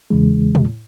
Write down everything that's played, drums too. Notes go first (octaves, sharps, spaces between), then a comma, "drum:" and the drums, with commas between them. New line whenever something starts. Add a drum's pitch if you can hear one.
E2 C#3 E3 G#3
drum: tom